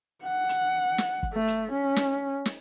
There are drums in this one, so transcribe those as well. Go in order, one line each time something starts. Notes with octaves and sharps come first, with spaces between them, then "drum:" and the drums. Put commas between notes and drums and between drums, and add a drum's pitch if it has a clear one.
F#5
drum: hi-hat
drum: snare
drum: kick F#1
A3
drum: hi-hat
C#4
drum: snare
drum: snare